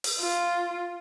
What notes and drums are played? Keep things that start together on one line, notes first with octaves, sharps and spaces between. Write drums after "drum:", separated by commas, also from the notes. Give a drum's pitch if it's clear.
drum: open hi-hat
F4